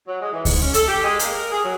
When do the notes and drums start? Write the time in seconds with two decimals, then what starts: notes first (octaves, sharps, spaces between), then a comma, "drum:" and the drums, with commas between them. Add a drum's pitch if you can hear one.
0.07 F#3
0.21 G#3
0.32 E3
0.45 G#2, drum: kick C#2, open hi-hat
0.62 C#4
0.74 A4, drum: hi-hat
0.88 G4
1.04 G#3
1.19 A#3, drum: hi-hat
1.32 A#4
1.52 G#4
1.64 F#3